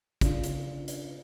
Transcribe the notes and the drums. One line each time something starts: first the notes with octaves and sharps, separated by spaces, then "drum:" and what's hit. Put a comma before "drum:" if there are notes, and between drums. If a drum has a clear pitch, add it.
C#3 D4 F4, drum: kick, hi-hat
drum: hi-hat
drum: hi-hat